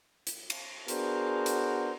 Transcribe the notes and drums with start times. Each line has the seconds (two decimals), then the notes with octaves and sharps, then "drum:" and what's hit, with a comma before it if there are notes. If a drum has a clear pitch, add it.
0.27 drum: hi-hat
0.50 drum: cymbal
0.88 B3 D4 F#4 G#4 A#4 C5, drum: hi-hat
1.46 drum: hi-hat